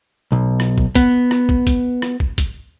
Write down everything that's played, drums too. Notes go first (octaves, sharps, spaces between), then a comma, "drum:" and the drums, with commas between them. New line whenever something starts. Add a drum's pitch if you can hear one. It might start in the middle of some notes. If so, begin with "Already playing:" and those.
B1
drum: rim click
drum: kick
B3, drum: kick, hi-hat
drum: rim click
drum: kick
drum: kick, hi-hat
drum: rim click
drum: kick
drum: kick, hi-hat